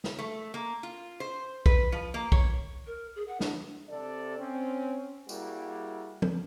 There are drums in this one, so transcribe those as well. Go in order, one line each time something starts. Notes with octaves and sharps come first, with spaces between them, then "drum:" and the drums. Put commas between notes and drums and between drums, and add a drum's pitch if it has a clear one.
drum: snare
A3
A#3
F4
C5
B4, drum: kick B1
F3
A#3
C#5, drum: kick B1
A#4
G#4
F#5
D4, drum: snare
C3 A4 D5
C4 C#4
G3 A#3 E4 F#4 G#4 A#4, drum: tambourine
drum: tom